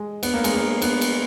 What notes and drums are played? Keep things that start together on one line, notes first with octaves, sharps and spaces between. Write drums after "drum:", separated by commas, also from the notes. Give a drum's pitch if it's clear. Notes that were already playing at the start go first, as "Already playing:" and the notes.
Already playing: G#3
B3, drum: cymbal
A#3
G#3, drum: cymbal
A#3
B3, drum: cymbal
drum: cymbal